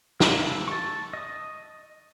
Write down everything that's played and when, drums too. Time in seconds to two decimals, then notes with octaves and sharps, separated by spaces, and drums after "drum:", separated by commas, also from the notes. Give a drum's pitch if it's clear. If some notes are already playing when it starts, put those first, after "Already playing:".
0.20 G#3 A#3 A4 B4, drum: snare
0.68 A5 C#6
1.13 D#5 D#6